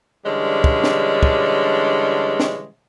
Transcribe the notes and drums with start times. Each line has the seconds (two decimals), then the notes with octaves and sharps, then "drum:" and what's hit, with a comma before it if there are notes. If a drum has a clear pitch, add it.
0.25 D3 E3 G3 G#3 C#4 D4
0.64 drum: kick
0.84 drum: snare
1.23 drum: kick
2.40 drum: snare